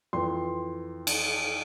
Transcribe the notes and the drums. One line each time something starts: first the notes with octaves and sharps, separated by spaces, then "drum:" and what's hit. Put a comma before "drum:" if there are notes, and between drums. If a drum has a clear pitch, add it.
F2 E3 C6
drum: cymbal